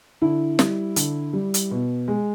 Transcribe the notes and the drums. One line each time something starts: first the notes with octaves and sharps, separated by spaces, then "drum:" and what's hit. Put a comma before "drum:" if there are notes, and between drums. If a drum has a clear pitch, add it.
D3 E4
G3, drum: snare
D3, drum: hi-hat
G3
drum: hi-hat
B2
G#3